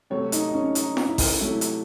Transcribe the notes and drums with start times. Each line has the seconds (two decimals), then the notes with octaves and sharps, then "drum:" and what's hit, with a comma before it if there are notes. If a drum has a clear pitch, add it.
0.10 C3 F#3 A3 C#5
0.32 D#4, drum: hi-hat
0.49 D#4
0.54 C#4
0.75 D#4, drum: hi-hat
0.97 drum: snare F4
1.07 E4
1.18 drum: kick A1, open hi-hat
1.39 C3 F#3 A3 E4
1.61 drum: hi-hat